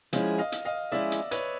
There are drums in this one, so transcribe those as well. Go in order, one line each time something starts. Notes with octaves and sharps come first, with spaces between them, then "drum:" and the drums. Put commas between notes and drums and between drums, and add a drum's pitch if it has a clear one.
F3 G#3 C#4 E4 G#4, drum: hi-hat
D#5 F5
drum: hi-hat
D#5 F5
F3 G#3 C#4 E4 G#4 D5 E5
drum: hi-hat
B4 C#5, drum: hi-hat